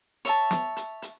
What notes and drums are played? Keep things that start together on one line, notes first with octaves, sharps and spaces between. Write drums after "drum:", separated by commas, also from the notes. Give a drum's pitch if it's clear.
C#5 E5 A5, drum: hi-hat
drum: snare
drum: hi-hat
drum: hi-hat